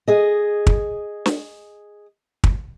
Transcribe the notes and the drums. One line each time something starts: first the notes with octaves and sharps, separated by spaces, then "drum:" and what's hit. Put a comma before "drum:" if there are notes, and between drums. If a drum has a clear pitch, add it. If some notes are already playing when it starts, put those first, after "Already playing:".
G#4 D#5
drum: kick
drum: snare
drum: kick